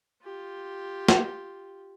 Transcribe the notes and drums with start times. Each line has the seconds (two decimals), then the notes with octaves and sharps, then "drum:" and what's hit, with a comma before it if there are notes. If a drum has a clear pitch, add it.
0.23 F4 G4
1.09 drum: snare